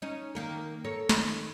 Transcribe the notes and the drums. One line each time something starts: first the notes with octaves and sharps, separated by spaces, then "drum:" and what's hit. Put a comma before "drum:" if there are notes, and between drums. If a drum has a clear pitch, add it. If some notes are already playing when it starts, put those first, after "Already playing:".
C#4 D#4
D#3 A#3 A#4
A4 A#4 C#5
D#3, drum: snare